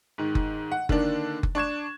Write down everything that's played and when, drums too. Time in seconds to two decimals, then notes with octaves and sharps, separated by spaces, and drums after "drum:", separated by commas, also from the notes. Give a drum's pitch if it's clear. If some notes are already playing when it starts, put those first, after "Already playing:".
0.18 G#2 D#3
0.35 drum: kick F#1
0.72 F#5
0.89 D3 D#3 A#3 D4, drum: kick F#1
1.43 drum: kick F#1
1.55 D4 C#6 G#6 E7